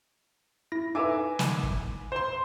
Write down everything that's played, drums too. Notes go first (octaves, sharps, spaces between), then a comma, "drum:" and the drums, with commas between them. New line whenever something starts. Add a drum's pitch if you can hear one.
E4 A#6
D#4 A4 B4 E5 G#5 D6
drum: snare
drum: kick
C5 C6